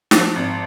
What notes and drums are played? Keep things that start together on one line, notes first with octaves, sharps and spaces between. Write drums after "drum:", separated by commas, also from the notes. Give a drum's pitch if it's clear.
F3, drum: snare
G#1